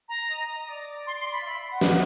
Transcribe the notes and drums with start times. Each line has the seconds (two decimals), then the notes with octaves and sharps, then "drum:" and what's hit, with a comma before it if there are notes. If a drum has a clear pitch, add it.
0.09 A#5
0.29 D#5
0.48 D#5
0.68 D5
1.07 C6
1.20 C6
1.32 B5
1.41 F5
1.46 E5
1.71 F#5
1.81 drum: snare